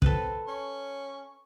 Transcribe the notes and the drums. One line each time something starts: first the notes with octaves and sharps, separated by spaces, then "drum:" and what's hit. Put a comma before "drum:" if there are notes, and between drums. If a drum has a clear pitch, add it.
C4 A4 B4, drum: kick
C#4 C#6